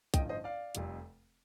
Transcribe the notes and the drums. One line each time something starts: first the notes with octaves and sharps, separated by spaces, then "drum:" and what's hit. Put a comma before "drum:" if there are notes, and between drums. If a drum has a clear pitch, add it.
A1 G2 D3 F3 D#5 G5, drum: kick, hi-hat
C5 D#5
D5 F5
F1 F2 C3 G3, drum: hi-hat